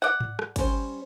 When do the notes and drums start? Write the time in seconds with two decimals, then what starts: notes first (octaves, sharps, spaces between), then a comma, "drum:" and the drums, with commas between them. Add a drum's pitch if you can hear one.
0.02 D5 F#5
0.20 drum: tom G#2
0.39 drum: rim click
0.56 G3 C#4 C5, drum: kick, cymbal